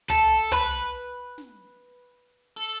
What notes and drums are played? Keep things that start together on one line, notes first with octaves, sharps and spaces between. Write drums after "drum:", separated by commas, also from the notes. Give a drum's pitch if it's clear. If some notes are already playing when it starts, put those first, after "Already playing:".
A4, drum: tom
B4, drum: tom
drum: hi-hat
drum: snare
A4